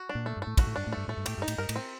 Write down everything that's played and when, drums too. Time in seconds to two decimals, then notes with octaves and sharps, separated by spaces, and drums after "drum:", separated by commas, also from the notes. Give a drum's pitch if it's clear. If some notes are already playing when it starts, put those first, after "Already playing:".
Already playing: F#4
0.09 D4
0.15 A#2
0.26 A3
0.37 G2
0.42 A2 A3
0.57 G2 F#4, drum: kick, cymbal
0.67 A2
0.76 G2 D4
0.87 A2
0.93 G2 A3
1.08 A2 A3
1.17 G2
1.26 A2 G4, drum: cymbal
1.38 G2 D#4
1.48 A2, drum: cymbal
1.58 G2 A#4
1.69 A2, drum: cymbal
1.76 C4